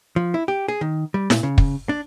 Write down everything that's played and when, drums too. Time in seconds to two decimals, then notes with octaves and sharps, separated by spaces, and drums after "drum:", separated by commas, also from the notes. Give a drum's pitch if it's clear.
0.16 F3
0.34 E4
0.48 G4
0.68 G#4
0.81 D#3
1.14 G3
1.30 A#2, drum: snare E4
1.43 C#3
1.58 drum: kick
1.89 D4